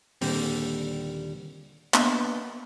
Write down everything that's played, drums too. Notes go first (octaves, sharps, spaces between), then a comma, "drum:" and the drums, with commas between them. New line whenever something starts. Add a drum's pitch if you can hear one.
D#2 A#2 D3 G3 C4, drum: open hi-hat
A#3 B3 D4 B4 D#5 E5, drum: clap